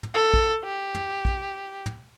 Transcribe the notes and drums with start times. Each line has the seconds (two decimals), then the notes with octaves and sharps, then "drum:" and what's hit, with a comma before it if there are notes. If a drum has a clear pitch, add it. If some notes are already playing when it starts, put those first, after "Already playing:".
0.03 drum: tom
0.14 A4
0.34 drum: kick A#1
0.64 G4
0.94 drum: tom
1.25 drum: kick A#1
1.86 drum: tom